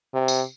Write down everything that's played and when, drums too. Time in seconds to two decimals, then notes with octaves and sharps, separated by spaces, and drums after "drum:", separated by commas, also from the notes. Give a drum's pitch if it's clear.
0.14 C3
0.28 drum: tambourine